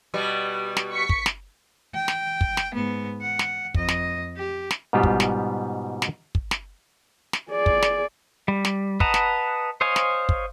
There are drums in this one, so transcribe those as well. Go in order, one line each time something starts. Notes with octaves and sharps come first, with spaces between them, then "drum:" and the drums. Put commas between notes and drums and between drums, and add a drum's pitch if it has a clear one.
B2 G3 B3
drum: snare
C#6 B6 C#7
drum: kick
drum: snare
G5
drum: snare
drum: kick
drum: snare
G#2 B3
F#5
drum: snare
F2 D#5, drum: kick
drum: snare
G4
drum: snare
G#2 B2 G3 B3 F4 G4
drum: kick
drum: snare
drum: snare
drum: kick
drum: snare
drum: snare
G#4 D5
drum: kick
drum: snare
G3
drum: snare
B4 D#5 F#5 A5 A#5, drum: kick
drum: snare
C5 C#5 D#5 F5 G#5
drum: snare
drum: kick